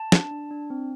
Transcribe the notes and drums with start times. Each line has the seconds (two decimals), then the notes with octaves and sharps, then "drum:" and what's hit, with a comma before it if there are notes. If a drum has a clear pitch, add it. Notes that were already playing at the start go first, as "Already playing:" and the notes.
Already playing: A5
0.12 D4, drum: snare
0.31 D4
0.51 D4
0.70 C4